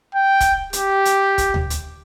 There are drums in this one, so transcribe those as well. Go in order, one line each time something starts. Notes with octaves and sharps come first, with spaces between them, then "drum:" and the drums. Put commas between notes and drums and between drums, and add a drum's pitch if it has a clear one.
G5
drum: kick, hi-hat
G4, drum: hi-hat
drum: hi-hat
drum: kick, hi-hat
drum: tom D2
drum: hi-hat